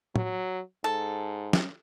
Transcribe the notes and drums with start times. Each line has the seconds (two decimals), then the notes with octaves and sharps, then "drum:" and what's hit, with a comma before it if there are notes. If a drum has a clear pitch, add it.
0.16 F#3, drum: tom A2
0.84 G#2 A4
1.53 drum: snare